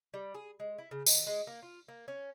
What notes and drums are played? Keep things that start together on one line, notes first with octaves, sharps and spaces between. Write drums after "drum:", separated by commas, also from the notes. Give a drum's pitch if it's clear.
G3
G#4
G#3
E4
C#3
D#3, drum: tambourine
G#3
A#3
F4
A#3
C#4